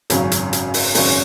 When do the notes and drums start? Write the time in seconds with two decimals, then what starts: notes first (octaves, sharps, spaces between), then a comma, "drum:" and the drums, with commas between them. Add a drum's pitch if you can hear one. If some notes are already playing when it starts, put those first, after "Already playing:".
0.10 G#1 F#2 C#3 F#3 C#4, drum: hi-hat
0.31 drum: hi-hat
0.53 drum: hi-hat
0.74 drum: open hi-hat
0.95 G#1 F#2 C#3 F#3 C#4, drum: open hi-hat